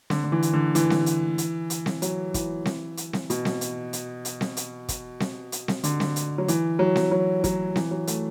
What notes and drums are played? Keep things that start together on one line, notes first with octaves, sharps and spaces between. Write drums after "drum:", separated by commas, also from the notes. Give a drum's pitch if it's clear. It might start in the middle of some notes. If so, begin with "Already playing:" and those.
D3, drum: snare C4
D3
E3
drum: hi-hat
D3
E3, drum: hi-hat
drum: snare C4
drum: hi-hat
drum: hi-hat
drum: hi-hat
drum: snare C4
F#3, drum: hi-hat
E3, drum: kick, hi-hat
drum: snare C4
drum: hi-hat
drum: snare C4
B2, drum: hi-hat
drum: snare C4
drum: hi-hat
drum: hi-hat
drum: hi-hat
drum: snare C4
drum: hi-hat
drum: kick, hi-hat
drum: snare C4
drum: hi-hat
drum: snare C4
D3, drum: hi-hat
drum: snare C4
drum: hi-hat
F#3
E3, drum: hi-hat
F#3
drum: snare C4
F#3
F#3, drum: kick, hi-hat
E3, drum: snare C4
F#3
A3, drum: hi-hat